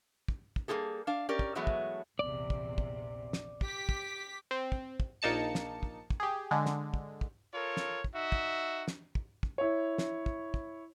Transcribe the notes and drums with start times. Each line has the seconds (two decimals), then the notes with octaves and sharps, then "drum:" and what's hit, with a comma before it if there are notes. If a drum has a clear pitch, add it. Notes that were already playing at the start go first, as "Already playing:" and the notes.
0.28 drum: kick
0.56 drum: kick
0.68 G3 A#3 C4 F4 G#4 A4
1.07 D4 F5
1.29 C#4 G4 A#4 D5
1.39 drum: kick
1.55 E3 F#3 G#3 A3 B3
1.67 drum: kick
2.19 A#1 E2 C3 D5
2.50 drum: kick
2.78 drum: kick
3.33 drum: snare
3.61 G4 D6 B6, drum: kick
3.89 drum: kick
4.51 C4
4.72 drum: kick
5.00 drum: kick
5.22 A#1 A#3 D#4 A5 C#7
5.55 drum: snare
5.83 drum: kick
6.10 drum: kick
6.20 G4 G#4
6.51 D3 G#3
6.66 drum: snare
6.94 drum: kick
7.21 drum: kick
7.53 F4 A4 A#4 C#5
7.77 drum: snare
8.04 drum: kick
8.15 D#4 F#4 E5
8.32 drum: kick
8.88 drum: snare
9.15 drum: kick
9.43 drum: kick
9.58 E4 C#5
9.98 drum: snare
10.26 drum: kick
10.54 drum: kick